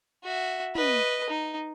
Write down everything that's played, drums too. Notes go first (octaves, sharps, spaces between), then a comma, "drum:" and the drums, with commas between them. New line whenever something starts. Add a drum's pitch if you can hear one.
F#4 E5
B4 D#5, drum: tom
D#4